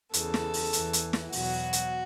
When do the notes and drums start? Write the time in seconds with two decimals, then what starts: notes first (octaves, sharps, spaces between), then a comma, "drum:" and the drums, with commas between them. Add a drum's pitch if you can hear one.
0.13 E2 C#3 E3 A4, drum: hi-hat
0.34 drum: snare
0.54 drum: open hi-hat
0.73 E2 E3, drum: hi-hat
0.93 drum: hi-hat
1.13 drum: snare
1.32 E2 B2 F#3 F#4, drum: open hi-hat
1.73 drum: hi-hat